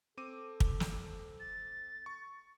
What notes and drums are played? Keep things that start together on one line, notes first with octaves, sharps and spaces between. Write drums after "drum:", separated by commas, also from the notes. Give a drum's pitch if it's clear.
C4 A4 D6 D#7
drum: kick
drum: snare
A6
C#6